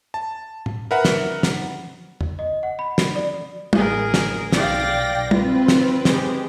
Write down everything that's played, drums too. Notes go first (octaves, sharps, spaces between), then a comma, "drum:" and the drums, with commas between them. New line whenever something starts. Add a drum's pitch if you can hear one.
A5
drum: tom
A#4 B4 E5 F#5 A#5 B5
drum: snare
drum: snare
drum: tom
D#5
F#5
B5
drum: snare
D5
A1 G#4 A#4, drum: tom
drum: snare
B1 D5 F5 G5 A#6, drum: snare
C4 F4 B4, drum: tom
drum: snare
G#3 G4, drum: snare